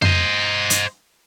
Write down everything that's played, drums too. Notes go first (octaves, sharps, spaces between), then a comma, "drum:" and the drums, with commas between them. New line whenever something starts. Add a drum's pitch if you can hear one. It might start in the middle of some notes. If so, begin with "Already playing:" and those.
C5 D#5, drum: tom F2
drum: hi-hat